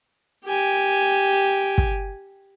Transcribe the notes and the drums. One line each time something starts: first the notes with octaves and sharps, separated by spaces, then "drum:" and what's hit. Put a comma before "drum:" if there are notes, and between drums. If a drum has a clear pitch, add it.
G4 G#5
drum: kick